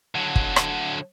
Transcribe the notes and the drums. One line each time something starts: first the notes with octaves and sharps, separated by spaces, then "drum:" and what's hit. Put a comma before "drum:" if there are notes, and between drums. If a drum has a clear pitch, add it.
D3 F#3
drum: kick
drum: rim click